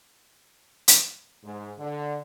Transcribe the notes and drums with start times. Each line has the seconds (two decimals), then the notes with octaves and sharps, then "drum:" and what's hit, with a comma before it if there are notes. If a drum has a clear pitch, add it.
0.88 drum: hi-hat
1.44 G#2
1.79 D3